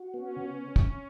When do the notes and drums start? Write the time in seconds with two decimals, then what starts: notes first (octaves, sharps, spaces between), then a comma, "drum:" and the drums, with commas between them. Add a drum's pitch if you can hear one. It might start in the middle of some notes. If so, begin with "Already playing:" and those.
Already playing: F#4
0.14 B3 C#4
0.36 C#3
0.76 drum: kick